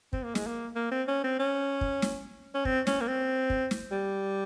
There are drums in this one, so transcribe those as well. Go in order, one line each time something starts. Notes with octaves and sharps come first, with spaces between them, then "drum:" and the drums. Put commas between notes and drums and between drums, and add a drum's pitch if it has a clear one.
C4, drum: kick
A#3
G#3, drum: snare
A#3
A#3
C4
C#4
C4
C#4
drum: kick
drum: snare
C#4
C4, drum: kick
C#4, drum: snare
A#3
C4
drum: kick
drum: snare
G3